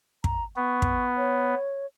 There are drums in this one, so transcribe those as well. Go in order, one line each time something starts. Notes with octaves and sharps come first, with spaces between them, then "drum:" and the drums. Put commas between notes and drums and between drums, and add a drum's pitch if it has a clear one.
A#5, drum: kick
B3 C#6
drum: kick
C#5